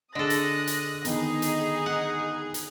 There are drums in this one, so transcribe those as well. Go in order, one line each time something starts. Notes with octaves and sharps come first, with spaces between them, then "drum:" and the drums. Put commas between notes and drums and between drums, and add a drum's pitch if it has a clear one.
D3 G#4 A4 D#5 D#6 F#6 A#6
drum: hi-hat
drum: hi-hat
D#3 B3 D#4 G#4, drum: hi-hat
drum: hi-hat
F#5
drum: hi-hat